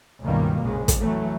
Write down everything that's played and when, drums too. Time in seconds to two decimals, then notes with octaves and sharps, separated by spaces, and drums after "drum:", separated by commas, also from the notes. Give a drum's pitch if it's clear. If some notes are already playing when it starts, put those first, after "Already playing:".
0.22 C#2 G2 B2 D#3 G3 A#3
0.62 A#1 F2 C#3 G#3
0.88 drum: kick, hi-hat
0.99 E3 F#3 A3